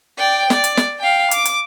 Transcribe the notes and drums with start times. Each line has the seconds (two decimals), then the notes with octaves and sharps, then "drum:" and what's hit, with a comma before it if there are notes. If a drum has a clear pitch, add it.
0.17 D5 G5
0.50 D5, drum: snare
0.64 drum: hi-hat
0.77 drum: snare
0.99 F5 G5
1.31 D6, drum: hi-hat
1.45 drum: hi-hat